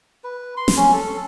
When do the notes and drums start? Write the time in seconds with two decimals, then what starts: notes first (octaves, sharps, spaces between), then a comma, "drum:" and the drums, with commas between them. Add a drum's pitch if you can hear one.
0.24 B4
0.57 C6
0.68 drum: snare
0.77 C#4
0.93 A4